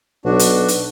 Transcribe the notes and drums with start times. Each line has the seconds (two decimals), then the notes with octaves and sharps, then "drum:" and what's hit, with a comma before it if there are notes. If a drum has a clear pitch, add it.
0.25 B1 D4 F#4
0.39 drum: hi-hat
0.68 drum: hi-hat